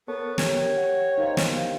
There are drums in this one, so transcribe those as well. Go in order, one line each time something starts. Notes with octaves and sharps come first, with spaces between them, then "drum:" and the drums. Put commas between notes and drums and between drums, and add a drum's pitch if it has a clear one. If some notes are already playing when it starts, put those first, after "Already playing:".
B3 A4 A#4 C#5
G4 C#5, drum: snare
F#5
D#4 A#4 C5 F5
drum: snare